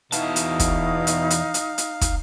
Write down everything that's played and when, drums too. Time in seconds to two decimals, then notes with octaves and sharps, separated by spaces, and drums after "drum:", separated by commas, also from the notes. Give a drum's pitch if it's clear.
0.12 E2 B2 E3 D#4 F5 A5, drum: hi-hat
0.36 drum: hi-hat
0.60 drum: kick, hi-hat
1.07 drum: hi-hat
1.30 drum: hi-hat
1.54 drum: hi-hat
1.78 drum: hi-hat
2.01 drum: kick, hi-hat